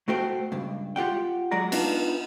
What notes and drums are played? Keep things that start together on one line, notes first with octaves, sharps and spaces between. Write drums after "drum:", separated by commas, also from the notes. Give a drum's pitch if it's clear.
B2 A3 F#4 C5 G5
C#2 G2
F4 G4 F#5 G5
F#3 G#3 D5 A#5
B3 D4 D#4 F4, drum: cymbal